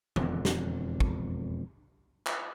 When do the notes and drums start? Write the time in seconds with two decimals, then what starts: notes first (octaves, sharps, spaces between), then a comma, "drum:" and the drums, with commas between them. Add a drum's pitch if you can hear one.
0.16 E1 F2 D3, drum: tom D#3
0.45 drum: snare
1.00 drum: kick
2.26 drum: clap